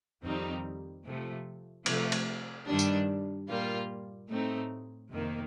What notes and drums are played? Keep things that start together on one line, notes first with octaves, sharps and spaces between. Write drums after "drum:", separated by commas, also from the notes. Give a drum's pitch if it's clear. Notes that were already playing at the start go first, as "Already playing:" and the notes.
F2 D#3 G3 C4 D#4
C3 F3 A3
C3 F3 A3, drum: cymbal
drum: cymbal
G2 D#3 G3 D4
drum: tambourine
A#2 G3 A#3 F4
A2 A3 C4 D#4
F2 C3 D#3 A#3